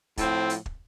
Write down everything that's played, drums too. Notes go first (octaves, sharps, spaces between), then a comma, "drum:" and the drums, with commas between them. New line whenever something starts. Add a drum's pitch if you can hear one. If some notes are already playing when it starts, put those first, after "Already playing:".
A2 F3 C4, drum: kick, hi-hat
drum: hi-hat
drum: kick